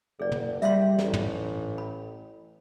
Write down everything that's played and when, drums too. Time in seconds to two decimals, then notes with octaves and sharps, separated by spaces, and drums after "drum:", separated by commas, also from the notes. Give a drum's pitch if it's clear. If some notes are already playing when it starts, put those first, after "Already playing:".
0.20 F#1 G#4 D5
0.32 drum: tom
0.62 G3 E5 F5 C6, drum: hi-hat
0.98 A1, drum: snare
1.14 drum: tom
1.78 B5